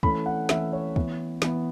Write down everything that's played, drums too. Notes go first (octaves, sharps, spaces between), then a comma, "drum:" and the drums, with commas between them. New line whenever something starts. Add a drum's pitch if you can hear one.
E3 A3 C#4 B5, drum: kick
F#5
E3 A3 C#4 E5, drum: snare
C#5
E3 B3, drum: kick
E3 B3, drum: snare